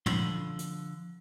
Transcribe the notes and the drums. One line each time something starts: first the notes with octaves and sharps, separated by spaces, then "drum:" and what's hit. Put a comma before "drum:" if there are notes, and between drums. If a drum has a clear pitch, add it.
D3 F3 B5 C6, drum: tom
drum: hi-hat